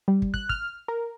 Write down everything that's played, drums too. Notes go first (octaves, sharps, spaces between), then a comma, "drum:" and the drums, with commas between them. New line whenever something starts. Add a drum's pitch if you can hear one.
G3
drum: kick
F#6, drum: kick
F6, drum: kick
A#4